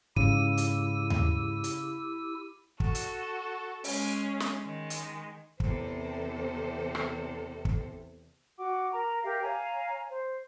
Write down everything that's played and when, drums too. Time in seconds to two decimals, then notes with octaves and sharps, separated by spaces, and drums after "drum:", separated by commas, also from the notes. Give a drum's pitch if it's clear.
0.16 G#2 C#3 E4 G4 E6 D#7, drum: kick
0.57 drum: hi-hat
1.10 drum: tom D#2
1.64 drum: hi-hat
2.80 F#4 A4, drum: kick
2.95 drum: hi-hat
3.84 G#3 C#4, drum: open hi-hat
4.40 drum: snare
4.65 D#3 G#3
4.90 drum: hi-hat
5.60 E2 C3 A4 C5, drum: kick
6.95 drum: rim click
7.65 drum: kick
8.59 F#4 F#5 D6
8.93 A#4 A#5
9.23 G4 A#4 E5 F5
9.42 C#5 F5 G#5 A#5
10.08 C5